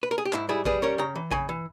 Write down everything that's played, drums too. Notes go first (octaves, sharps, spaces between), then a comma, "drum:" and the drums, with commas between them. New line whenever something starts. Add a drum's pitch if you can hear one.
B4
A#4
G#4
G4
G#2 E4, drum: clap
G3 E4 G#4
G3 G#4 B4, drum: kick A1
C#4 A#4 C#5
C#3 G5 A#5
E3
C#3 G#5 B5, drum: kick A1
E3